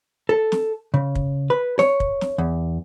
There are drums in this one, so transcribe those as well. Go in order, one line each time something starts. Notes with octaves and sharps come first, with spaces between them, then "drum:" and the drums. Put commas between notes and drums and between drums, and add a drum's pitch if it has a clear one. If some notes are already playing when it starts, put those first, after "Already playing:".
A4
drum: snare
C#3
drum: kick
B4
C#5, drum: snare
drum: kick
drum: snare
E2